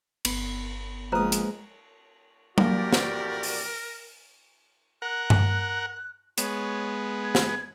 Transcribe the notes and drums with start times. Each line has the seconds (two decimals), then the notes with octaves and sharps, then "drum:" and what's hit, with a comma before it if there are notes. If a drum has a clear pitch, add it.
0.25 G1 B3 B5, drum: cymbal
1.12 A#1 G#3 B4 C5 A#5 D#6
1.32 drum: hi-hat
2.58 A1 F2 A#3 F#4 G4 A#4 D5, drum: tom F#3
2.93 drum: snare
3.43 drum: open hi-hat
5.02 A#4 F#5 F#6
5.30 drum: tom G2
6.38 G#3 B3 C#5, drum: hi-hat
7.24 G#6
7.35 drum: snare